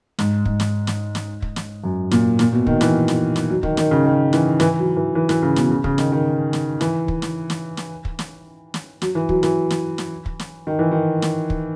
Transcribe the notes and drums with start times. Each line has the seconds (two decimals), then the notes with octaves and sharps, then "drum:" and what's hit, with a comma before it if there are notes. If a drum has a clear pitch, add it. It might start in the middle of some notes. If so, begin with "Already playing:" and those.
0.19 G#2, drum: snare
0.45 G#2, drum: kick
0.60 drum: snare
0.87 drum: snare
1.15 drum: snare
1.42 drum: kick
1.56 drum: snare
1.84 F#2
2.11 A#2, drum: snare
2.39 A#2, drum: snare
2.53 B2
2.67 D#3, drum: kick
2.81 E3, drum: snare
3.08 drum: snare
3.36 drum: snare
3.49 F#3
3.63 D#3, drum: kick
3.77 D#3, drum: snare
3.91 C#3
4.05 D#3
4.33 E3, drum: snare
4.60 E3, drum: snare
4.79 F#3
4.96 E3
5.15 E3
5.29 E3, drum: snare
5.42 C#3
5.56 B2, drum: snare
5.71 C#3
5.84 C#3, drum: kick
5.98 D#3, drum: snare
6.12 D#3
6.53 drum: snare
6.81 E3, drum: snare
7.08 drum: kick
7.22 drum: snare
7.50 drum: snare
7.77 drum: snare
8.05 drum: kick
8.19 drum: snare
8.74 drum: snare
9.02 F#3, drum: snare
9.15 E3
9.29 F#3, drum: kick
9.43 E3, drum: snare
9.70 drum: snare
9.98 drum: snare
10.26 drum: kick
10.39 drum: snare
10.67 D#3
10.79 E3
10.92 D#3
11.22 drum: snare
11.50 drum: kick